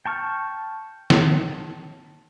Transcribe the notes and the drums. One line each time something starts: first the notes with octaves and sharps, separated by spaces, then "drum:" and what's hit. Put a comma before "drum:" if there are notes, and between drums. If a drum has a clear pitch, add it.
G5 A5 C#6 F6
drum: snare